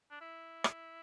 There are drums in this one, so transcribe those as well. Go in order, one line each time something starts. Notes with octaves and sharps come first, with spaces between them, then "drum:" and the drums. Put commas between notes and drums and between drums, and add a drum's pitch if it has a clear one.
D4
E4
drum: rim click